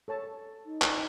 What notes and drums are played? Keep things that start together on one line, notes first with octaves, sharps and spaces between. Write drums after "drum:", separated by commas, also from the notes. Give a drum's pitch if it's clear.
A4 C#5 A5
D#4
drum: clap